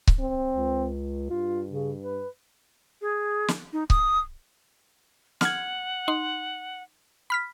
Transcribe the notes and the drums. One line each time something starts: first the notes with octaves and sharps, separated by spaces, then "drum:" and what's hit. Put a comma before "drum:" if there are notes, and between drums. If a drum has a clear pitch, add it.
drum: kick C#1
C4
C#2
G2 F4
C#3
B4
G#4
drum: snare
D#4
D#6, drum: kick C#1
F#5 F6 G#6, drum: snare
D#4 C6
B5 F6 B6